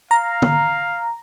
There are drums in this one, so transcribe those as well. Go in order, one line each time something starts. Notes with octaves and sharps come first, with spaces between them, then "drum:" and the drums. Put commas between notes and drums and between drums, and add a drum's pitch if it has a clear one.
F5 A#5
drum: tom